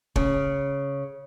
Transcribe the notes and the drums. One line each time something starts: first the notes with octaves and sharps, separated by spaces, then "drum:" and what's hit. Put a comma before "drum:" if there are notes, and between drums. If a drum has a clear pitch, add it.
C#3, drum: kick